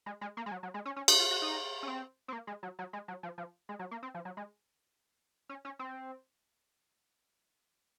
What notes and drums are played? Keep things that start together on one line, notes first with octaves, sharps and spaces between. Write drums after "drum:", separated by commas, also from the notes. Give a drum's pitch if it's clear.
G#3
G#3
A#3
G#3
F#3
F#3
G#3
C#4
C#4
D#4, drum: cymbal
F4
F#4
D#4
C#4
C4
C4
A#3
G#3
F#3
F#3
G#3
F#3
F3
F3
G#3
F#3
A#3
C4
F3
F#3
G#3
C#4
C#4
C4